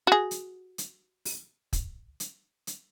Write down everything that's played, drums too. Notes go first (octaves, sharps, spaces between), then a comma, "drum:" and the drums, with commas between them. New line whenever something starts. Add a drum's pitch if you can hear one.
F#4 G#4
drum: hi-hat
drum: hi-hat
drum: open hi-hat
drum: kick, hi-hat
drum: hi-hat
drum: hi-hat